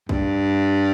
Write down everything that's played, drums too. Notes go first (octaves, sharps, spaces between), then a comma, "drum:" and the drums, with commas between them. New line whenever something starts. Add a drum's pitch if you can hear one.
G2, drum: kick